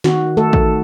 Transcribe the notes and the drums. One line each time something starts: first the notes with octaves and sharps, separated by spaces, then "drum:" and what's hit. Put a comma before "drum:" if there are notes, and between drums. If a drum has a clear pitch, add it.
D#3 F#4, drum: snare
A3 A4
drum: kick